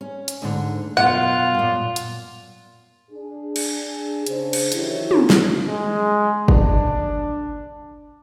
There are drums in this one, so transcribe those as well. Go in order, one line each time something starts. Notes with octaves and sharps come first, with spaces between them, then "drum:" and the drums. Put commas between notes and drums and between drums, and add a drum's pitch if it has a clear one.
C#4
drum: hi-hat
D2 G#2 D3
F#2 B2 F4 F#5
F#2 A#2
drum: hi-hat
D4 G#4
drum: cymbal
C#3 D4 C5, drum: hi-hat
drum: cymbal
D#3 E3 F#3 E4 G4 C#5, drum: hi-hat
drum: tom
drum: snare
G#3
D4, drum: kick